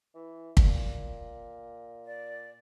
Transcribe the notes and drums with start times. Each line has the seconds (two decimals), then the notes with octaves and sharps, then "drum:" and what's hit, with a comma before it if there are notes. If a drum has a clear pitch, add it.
0.15 E3
0.57 A#2, drum: kick
2.06 D5